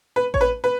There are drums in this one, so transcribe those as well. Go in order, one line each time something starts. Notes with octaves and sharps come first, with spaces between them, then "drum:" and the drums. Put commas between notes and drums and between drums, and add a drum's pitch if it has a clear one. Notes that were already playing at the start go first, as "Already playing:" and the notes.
B4
C#5, drum: kick A1
B4
B4